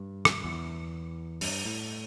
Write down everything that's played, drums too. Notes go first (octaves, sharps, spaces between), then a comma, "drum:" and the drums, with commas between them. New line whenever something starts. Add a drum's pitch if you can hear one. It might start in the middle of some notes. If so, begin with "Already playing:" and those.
Already playing: G2
drum: rim click
E2
G2, drum: open hi-hat
A2